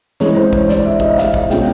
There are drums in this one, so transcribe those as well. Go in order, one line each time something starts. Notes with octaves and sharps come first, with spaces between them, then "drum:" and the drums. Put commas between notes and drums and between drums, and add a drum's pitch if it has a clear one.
E3 G#3 C#4 C#5, drum: snare
C5
C#5, drum: kick
D5, drum: snare
E5
D#5, drum: kick
E5
F5, drum: snare
drum: kick
B2 G#3 C#4 F4 G5, drum: snare